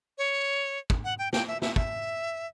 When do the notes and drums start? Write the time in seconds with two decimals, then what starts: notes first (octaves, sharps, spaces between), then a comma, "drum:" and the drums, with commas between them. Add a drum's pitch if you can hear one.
0.18 C#5
0.90 drum: kick
1.04 F#5
1.19 G5
1.33 G5, drum: snare
1.48 E5
1.62 E5, drum: snare
1.76 E5, drum: kick